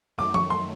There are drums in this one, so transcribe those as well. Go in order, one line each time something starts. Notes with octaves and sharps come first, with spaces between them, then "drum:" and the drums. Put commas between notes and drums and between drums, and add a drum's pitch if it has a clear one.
F#2 D#3 F#3 A3 D6
C#6, drum: tom F3
C6